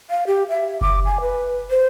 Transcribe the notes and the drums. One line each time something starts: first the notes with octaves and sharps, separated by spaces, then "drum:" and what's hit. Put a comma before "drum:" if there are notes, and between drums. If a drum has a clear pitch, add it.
F5
G4
E5
D6, drum: kick F#1
G#5
B4
C5